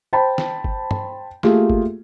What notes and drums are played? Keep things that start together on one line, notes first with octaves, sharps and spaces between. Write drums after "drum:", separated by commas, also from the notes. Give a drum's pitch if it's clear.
C5 G5 A5 B5
drum: snare
drum: kick G1
drum: tom
A3 A#3 F4 G4 G#4, drum: snare
drum: kick G1